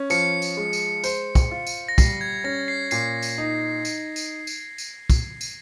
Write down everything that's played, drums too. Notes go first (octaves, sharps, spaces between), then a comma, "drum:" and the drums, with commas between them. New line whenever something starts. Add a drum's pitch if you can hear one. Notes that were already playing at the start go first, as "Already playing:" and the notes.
Already playing: C#4
F3 C#7, drum: tambourine
drum: tambourine
G#3
drum: tambourine
C5, drum: tambourine
drum: kick, tambourine
F4
drum: tambourine
A#6
G3 C7, drum: kick, tambourine
G#6
C#4 A#6
C7
A#2 C7, drum: tambourine
drum: tambourine
D#4
drum: tambourine
drum: tambourine
drum: tambourine
drum: tambourine
drum: kick, tambourine
drum: tambourine